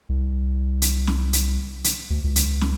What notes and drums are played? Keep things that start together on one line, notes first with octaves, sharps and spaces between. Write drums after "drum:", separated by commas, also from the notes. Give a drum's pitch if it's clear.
C2
drum: hi-hat
drum: snare
drum: hi-hat
drum: hi-hat
D2
C#2
drum: hi-hat
drum: snare